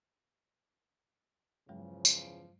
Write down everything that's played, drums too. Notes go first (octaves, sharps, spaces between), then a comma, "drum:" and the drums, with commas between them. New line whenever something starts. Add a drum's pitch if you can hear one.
E2 G2 C#3 F3 F#3 G#3
drum: tambourine